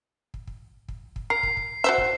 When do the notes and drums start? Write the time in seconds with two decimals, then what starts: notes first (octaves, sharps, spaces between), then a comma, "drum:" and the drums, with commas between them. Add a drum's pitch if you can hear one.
0.34 drum: kick
0.47 drum: kick
0.88 drum: kick
1.16 drum: kick
1.30 A#4 C7
1.43 drum: kick
1.57 drum: kick
1.84 F#4 C5 E5
1.98 drum: kick